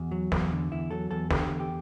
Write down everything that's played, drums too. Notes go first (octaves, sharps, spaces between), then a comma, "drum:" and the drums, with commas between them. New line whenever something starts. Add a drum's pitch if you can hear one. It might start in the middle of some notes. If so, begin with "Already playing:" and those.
Already playing: E2 F#4
F#3
E2, drum: snare
D3
E2 E4
F#3 A4
E2 A4
D3 G4, drum: snare
E2
G4